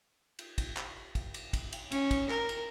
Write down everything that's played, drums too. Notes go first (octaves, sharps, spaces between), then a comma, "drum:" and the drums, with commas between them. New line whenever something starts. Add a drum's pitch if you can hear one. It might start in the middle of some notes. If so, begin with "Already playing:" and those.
drum: cymbal
drum: kick, cymbal
drum: clap
drum: kick, cymbal
drum: cymbal
drum: kick, cymbal
drum: cymbal
C#4, drum: cymbal
drum: kick, cymbal
A#4, drum: clap
drum: cymbal